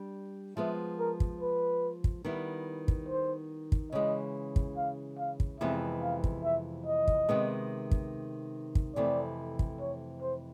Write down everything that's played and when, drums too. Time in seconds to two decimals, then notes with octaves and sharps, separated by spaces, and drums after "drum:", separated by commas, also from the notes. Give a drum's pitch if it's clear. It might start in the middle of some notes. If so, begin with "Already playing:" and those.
Already playing: G3 D4
0.57 F3 G#3 B3 E5
0.99 A#4
1.20 drum: kick
1.41 B4
2.04 drum: kick
2.25 D#3 G3 B3 E4
2.88 drum: kick
3.09 C5
3.72 drum: kick
3.92 C#3 E3 G#3 D#5
4.56 drum: kick
4.77 F5
5.19 F5
5.40 drum: kick
5.61 F2 C3 E3 G#3 B3 E5
6.03 F5
6.24 drum: kick
6.44 E5
6.86 D#5
7.08 drum: kick
7.29 C3 D#3 G#3 B3
7.91 drum: kick
8.75 drum: kick
8.96 F2 C3 E3 A3 D5
9.59 drum: kick
9.80 C#5
10.22 C5